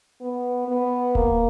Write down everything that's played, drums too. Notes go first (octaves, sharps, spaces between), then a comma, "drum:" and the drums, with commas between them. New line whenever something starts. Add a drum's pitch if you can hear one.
B3
B3
A#3, drum: kick D#1